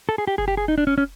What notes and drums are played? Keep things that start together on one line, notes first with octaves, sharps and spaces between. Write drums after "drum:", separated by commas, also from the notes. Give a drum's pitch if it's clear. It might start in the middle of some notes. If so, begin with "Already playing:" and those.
A4
G#4
G4
G#4, drum: kick F#1
G4
G#4
D#4
D4
C#4
C#4